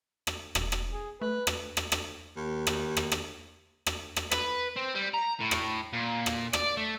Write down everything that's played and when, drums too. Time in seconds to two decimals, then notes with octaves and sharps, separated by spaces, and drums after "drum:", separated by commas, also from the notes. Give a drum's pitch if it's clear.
0.27 drum: rim click
0.55 E1, drum: rim click
0.72 drum: rim click
0.93 G#4
1.21 A3 B4
1.47 drum: rim click
1.77 drum: rim click
1.92 drum: rim click
2.37 D#2
2.67 drum: rim click
2.97 drum: rim click
3.12 drum: rim click
3.86 drum: rim click
4.16 drum: rim click
4.31 B4, drum: rim click
4.76 C4
4.95 G3
5.14 A#5
5.40 A2
5.51 drum: rim click
5.93 A#2
6.26 drum: rim click
6.53 D5, drum: rim click
6.77 A3